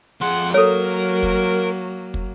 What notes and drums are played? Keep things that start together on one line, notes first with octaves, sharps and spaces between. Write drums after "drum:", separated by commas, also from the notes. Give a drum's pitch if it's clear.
F2 G#4 F#5 C6
F#3 A#3 A4 A#4 C#5
drum: kick
drum: kick